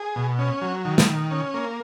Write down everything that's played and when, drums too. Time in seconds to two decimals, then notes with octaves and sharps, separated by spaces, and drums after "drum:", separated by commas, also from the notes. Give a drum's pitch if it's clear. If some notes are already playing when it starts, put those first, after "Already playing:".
Already playing: G#4
0.16 B2
0.39 C#4
0.61 F#3
0.85 D#3
0.98 drum: snare
1.07 D#3
1.31 C#4
1.54 A#3